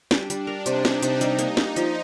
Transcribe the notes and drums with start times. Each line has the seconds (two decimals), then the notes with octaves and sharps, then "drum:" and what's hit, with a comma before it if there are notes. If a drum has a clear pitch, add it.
0.11 G3 D4, drum: snare
0.30 G3, drum: hi-hat
0.47 A#4
0.66 C3 D#4, drum: hi-hat
0.85 C3, drum: snare
1.03 C3, drum: hi-hat
1.21 G3 D#4, drum: hi-hat
1.39 A#3, drum: hi-hat
1.57 G3, drum: snare
1.76 F3, drum: hi-hat